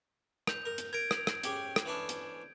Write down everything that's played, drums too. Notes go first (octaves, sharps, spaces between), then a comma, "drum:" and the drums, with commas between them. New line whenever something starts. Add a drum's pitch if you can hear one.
G6 F7, drum: rim click
A#4
drum: hi-hat
A#4 G#6 D7
drum: rim click
drum: rim click
C#4 G4 G#4, drum: hi-hat
drum: rim click
E3 C#4 D4
drum: hi-hat